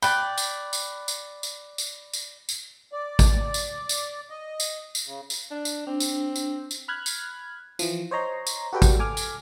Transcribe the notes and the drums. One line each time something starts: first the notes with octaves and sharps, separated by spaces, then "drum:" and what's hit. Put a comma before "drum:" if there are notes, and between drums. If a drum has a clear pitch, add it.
D5 G5 B5 F#6, drum: tambourine
drum: tambourine
drum: tambourine
drum: tambourine
drum: tambourine
drum: tambourine
drum: tambourine
drum: tambourine
D5
drum: kick G#1, tambourine
drum: tambourine
drum: tambourine
D#5
drum: tambourine
drum: tambourine
C#3
drum: tambourine
D4
drum: tambourine
C4 D4
drum: tambourine
drum: tambourine
drum: tambourine
B5 F6 F#6 G#6
drum: tambourine
E3 F3, drum: tambourine
C5 C#5 D#5 A#5 C6
drum: tambourine
F#4 G4 A4 B4 D5 G5
drum: kick G#1, tambourine
A4 G#5 D6 F6
drum: tambourine